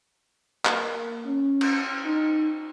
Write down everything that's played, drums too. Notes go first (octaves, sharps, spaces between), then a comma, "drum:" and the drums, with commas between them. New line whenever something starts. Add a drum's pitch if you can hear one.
A#3, drum: clap
C#4
drum: cymbal
D#4